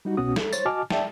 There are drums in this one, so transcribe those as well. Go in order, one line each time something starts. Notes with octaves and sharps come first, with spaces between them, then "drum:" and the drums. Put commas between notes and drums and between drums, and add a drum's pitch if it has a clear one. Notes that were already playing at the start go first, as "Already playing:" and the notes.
G3 D#4 F#4
C2 B2 B3 C#4 F#4 D#6
A4, drum: snare
C5 C#5 A6, drum: tambourine
F#4 D#5 G#5 A5 D6 F6
D5 E5 G5 A5, drum: snare